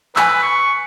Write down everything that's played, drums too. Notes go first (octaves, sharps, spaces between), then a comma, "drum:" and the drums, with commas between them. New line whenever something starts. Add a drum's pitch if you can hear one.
B4 G#5 E6, drum: clap
C#6